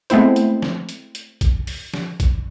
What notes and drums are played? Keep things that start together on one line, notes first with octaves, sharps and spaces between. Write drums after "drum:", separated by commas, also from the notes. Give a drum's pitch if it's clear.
G#3 A3 B3 C4 E4 C5, drum: hi-hat
drum: hi-hat
drum: snare
drum: hi-hat
drum: hi-hat
drum: kick, hi-hat
drum: open hi-hat
drum: snare
drum: kick, hi-hat